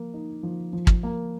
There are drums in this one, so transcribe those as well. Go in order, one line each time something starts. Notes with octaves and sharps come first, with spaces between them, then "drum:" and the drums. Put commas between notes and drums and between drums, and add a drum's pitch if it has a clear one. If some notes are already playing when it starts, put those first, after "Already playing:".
Already playing: F3 A#3
D#4
F3
F3
drum: kick
A#3